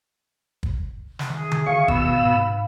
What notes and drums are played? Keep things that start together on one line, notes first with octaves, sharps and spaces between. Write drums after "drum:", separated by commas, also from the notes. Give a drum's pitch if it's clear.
drum: kick
drum: snare
D#3 G#4 E5
drum: tom D3
F5 C#6
B2 B5 E6, drum: kick
G#2